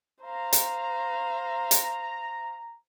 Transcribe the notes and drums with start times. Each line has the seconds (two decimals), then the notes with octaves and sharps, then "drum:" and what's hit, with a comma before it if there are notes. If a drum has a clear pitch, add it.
0.23 C5 F5 A#5
0.53 drum: hi-hat
1.71 drum: hi-hat